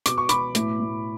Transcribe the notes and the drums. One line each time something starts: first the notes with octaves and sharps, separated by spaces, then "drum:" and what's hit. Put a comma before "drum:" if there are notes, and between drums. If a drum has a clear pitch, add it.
B2 D6, drum: hi-hat
C#6
B2 B5 D6, drum: hi-hat
A2, drum: hi-hat
A2